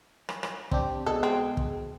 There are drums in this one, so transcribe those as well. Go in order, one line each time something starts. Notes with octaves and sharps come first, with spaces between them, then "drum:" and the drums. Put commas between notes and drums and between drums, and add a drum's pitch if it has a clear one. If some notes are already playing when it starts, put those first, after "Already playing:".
drum: rim click
drum: rim click
C4 D4 G4, drum: kick
B2 G#3 G#4 A4
C4
drum: kick